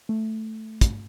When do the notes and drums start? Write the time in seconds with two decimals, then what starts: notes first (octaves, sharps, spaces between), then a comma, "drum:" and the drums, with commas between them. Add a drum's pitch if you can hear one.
0.09 A3
0.81 drum: kick, hi-hat